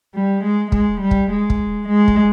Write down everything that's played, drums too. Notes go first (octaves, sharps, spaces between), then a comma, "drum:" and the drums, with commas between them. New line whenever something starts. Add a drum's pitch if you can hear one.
G3
G#3
G#3, drum: kick
G3
drum: kick
G#3
drum: kick
G#3
drum: kick